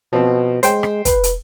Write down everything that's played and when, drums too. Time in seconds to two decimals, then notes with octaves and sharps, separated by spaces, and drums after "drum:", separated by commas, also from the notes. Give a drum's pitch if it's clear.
0.13 B2 F3 C4
0.63 G#3 C5 G5, drum: hi-hat
0.83 drum: rim click
1.05 B4, drum: kick, hi-hat
1.23 drum: hi-hat